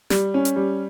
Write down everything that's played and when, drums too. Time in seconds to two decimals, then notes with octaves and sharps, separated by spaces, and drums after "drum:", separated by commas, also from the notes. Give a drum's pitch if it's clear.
0.10 G3, drum: snare
0.34 C#4
0.45 drum: hi-hat
0.56 G3